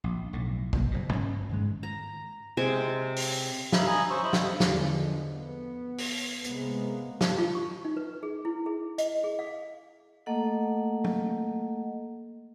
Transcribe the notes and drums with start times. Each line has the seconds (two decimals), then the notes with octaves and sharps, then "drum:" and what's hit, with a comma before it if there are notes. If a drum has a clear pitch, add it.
0.04 A#1
0.33 B1 A2
0.73 B1 C3 A#3, drum: kick
0.91 F#1 B2
1.13 G2 C#4
1.49 G#2 D#3 G#3
1.83 A#5
2.57 C3 G#3 C5 G#5
3.16 drum: open hi-hat
3.72 D#4 E5 F5 B5, drum: snare
3.87 G#5 A#5 B5 D#6
4.10 C#4 C5 C#6 E6
4.23 E4 C5 D#5 B5
4.33 drum: snare
4.60 E2 D3 F3 G#3, drum: snare
5.31 B3
5.98 drum: open hi-hat
6.44 C3 G#3 A#3 B3, drum: hi-hat
7.21 A5, drum: snare
7.38 F4
7.55 C#6
7.85 D#4
7.97 B4
8.23 G#4
8.45 E4
8.66 G#4
8.98 D#5, drum: hi-hat
9.24 G#4
9.39 F5
10.26 A3 A#3 A4 D#5 F#5
11.04 drum: tom